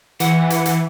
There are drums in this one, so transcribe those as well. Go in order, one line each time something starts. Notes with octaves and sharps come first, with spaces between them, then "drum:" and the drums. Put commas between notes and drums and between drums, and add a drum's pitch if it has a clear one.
E3 F#5, drum: hi-hat
drum: hi-hat
drum: hi-hat